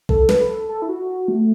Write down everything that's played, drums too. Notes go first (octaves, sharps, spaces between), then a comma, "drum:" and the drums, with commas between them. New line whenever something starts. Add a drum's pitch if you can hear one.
A4, drum: kick B1
B4, drum: snare
A4
A4
E4
F#4
A3